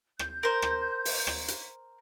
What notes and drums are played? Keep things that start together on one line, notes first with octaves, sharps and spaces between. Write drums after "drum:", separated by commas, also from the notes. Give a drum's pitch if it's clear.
G6, drum: rim click
A#4 C5
drum: rim click
drum: open hi-hat
drum: rim click
drum: hi-hat